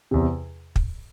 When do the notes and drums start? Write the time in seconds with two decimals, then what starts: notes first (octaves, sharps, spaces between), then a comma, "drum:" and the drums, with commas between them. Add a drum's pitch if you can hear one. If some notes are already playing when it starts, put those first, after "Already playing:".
0.11 E2 C3
0.76 drum: kick